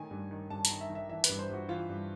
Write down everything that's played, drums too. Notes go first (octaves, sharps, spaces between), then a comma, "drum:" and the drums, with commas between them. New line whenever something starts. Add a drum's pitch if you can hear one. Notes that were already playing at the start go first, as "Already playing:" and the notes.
Already playing: A2 D#3 G#5
G2
D#3
G2 A5
A#5, drum: hi-hat
D#3
E5
D#3
E5
E3 E5
B4, drum: hi-hat
G2
C5
G2 F#4
E3 F4
G2